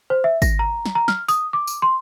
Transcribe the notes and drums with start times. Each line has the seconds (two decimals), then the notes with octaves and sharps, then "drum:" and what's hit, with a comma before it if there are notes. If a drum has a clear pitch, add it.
0.10 C5
0.24 E5
0.42 A#6, drum: kick G#1, tambourine
0.59 A#5
0.86 drum: snare
0.95 A#5
1.08 F6, drum: snare
1.28 D#6, drum: tambourine
1.53 D6
1.67 drum: tambourine
1.82 C6